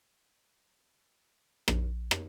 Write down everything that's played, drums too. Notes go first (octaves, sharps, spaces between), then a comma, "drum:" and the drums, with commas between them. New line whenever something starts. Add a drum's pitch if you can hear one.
A#1, drum: rim click
drum: rim click